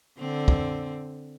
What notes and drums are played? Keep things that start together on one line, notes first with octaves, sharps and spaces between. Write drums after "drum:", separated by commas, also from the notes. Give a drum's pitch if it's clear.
D3 C4
drum: kick